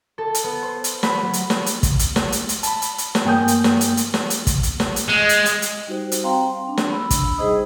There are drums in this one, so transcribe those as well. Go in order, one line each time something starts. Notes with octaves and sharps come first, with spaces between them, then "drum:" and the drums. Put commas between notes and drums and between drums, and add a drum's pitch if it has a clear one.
A4
drum: hi-hat
B3
C5
drum: hi-hat
B5, drum: snare
F#3
drum: hi-hat
drum: snare
drum: hi-hat
drum: kick, hi-hat
drum: hi-hat
drum: snare
drum: hi-hat
drum: hi-hat
A5 B5, drum: hi-hat
drum: hi-hat
drum: hi-hat
drum: snare
G2 A#3 G5 G#5 D#6 G6
drum: hi-hat
drum: snare
drum: hi-hat
drum: hi-hat
drum: snare
drum: hi-hat
drum: kick, hi-hat
drum: hi-hat
drum: snare
drum: hi-hat
G#3
drum: hi-hat
drum: hi-hat
drum: hi-hat
G3 D#4 F#4 G4 C5
drum: hi-hat
C4 F5 G5 A#5 C6
C6
D4
drum: snare
B5 E6
drum: kick, hi-hat
G3 D#4 G#4 C5 D#5 D#6